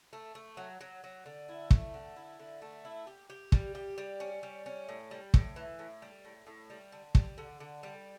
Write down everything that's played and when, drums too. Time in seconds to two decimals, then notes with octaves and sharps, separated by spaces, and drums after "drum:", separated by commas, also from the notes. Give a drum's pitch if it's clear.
0.13 A3
0.35 A3
0.57 F#3
0.81 F#3
1.04 F#3
1.26 D3
1.49 E4
1.71 A3, drum: kick
1.94 D3
2.16 E4
2.40 D3
2.62 A3
2.85 E4
3.07 G4
3.30 G4
3.52 G3, drum: kick
3.75 G4
3.98 G3
4.20 C#4
4.43 G3
4.66 C#4
4.89 A2
5.11 G3
5.34 A2, drum: kick
5.56 E3
5.79 A2
6.02 G3
6.25 A2
6.47 A2
6.70 G3
6.92 D3
7.15 G3, drum: kick
7.38 D3
7.60 D3
7.83 G3